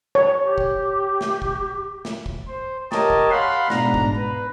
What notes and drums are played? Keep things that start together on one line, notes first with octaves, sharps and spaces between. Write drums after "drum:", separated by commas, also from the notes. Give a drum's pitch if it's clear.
C#5
G4
drum: kick
drum: snare
drum: kick
drum: snare
drum: kick
C5
G4 A#4 C#5 D#5 A5, drum: snare
drum: kick
F5 F#5 B5 C6
G#2 B2 D4 A#5, drum: snare
drum: kick
B4